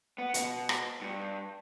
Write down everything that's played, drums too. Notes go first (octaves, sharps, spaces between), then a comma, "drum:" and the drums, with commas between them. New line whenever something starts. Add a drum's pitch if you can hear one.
B3
B2, drum: hi-hat
drum: rim click
G2